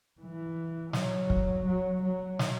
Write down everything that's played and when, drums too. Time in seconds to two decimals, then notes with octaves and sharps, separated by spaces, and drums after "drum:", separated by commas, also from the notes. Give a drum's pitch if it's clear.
0.21 E3
0.93 F#3, drum: snare
1.30 drum: kick
1.66 F#3
2.03 F#3
2.39 drum: snare